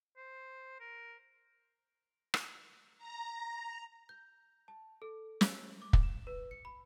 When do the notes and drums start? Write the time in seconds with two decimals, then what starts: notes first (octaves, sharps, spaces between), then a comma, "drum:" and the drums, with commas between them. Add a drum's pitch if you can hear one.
0.17 C5
0.80 A#4
2.34 drum: rim click
2.98 A#5
4.09 G6
4.68 A5
5.02 A4
5.41 E6, drum: snare
5.82 D6
5.93 drum: kick
6.03 E7
6.27 B4
6.51 C#7
6.65 B5